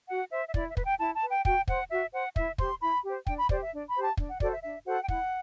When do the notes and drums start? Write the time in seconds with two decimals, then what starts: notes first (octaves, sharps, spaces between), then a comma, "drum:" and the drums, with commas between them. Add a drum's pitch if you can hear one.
0.08 F#4 F#5
0.31 C5 E5
0.48 E5
0.54 E4 D5, drum: kick
0.69 E5
0.77 B4, drum: kick
0.84 G5
0.99 E4 A5
1.14 A5
1.23 B4
1.30 G5
1.45 F#4 G5, drum: kick
1.68 C5 F#5, drum: kick
1.90 F#4 E5
2.13 C5 F#5
2.36 E4 E5, drum: kick
2.58 G4 C5 C6, drum: kick
2.81 E4 B5
3.05 G4 C5
3.27 D4 G5, drum: kick
3.38 B5
3.49 G4 C5 D5, drum: kick
3.61 E5
3.72 D4
3.88 B5
3.95 G4 C5
4.02 A5
4.17 D4, drum: kick
4.29 F#5
4.40 F#4 A4 C5 D5, drum: kick
4.52 E5
4.63 D4 E5
4.86 F#4 A4 C5 F#5
5.03 G5
5.08 E4 F#5, drum: kick